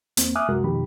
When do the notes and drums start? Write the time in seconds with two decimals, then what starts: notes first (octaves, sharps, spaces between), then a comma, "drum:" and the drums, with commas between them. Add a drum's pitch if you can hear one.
0.17 E2 A#3 C4, drum: hi-hat
0.36 E5 G#5 D6 D#6 F6 F#6
0.49 C2 F#2 C3 G#3 F#4 A#4
0.64 F2 B2 D#3 F3 G4 B5